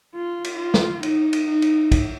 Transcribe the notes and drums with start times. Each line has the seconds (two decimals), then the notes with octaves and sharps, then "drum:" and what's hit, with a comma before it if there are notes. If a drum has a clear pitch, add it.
0.15 F4
0.44 drum: cymbal
0.59 F4
0.74 drum: snare
1.03 D#4, drum: cymbal
1.33 drum: cymbal
1.47 D#4
1.62 drum: cymbal
1.92 drum: kick, cymbal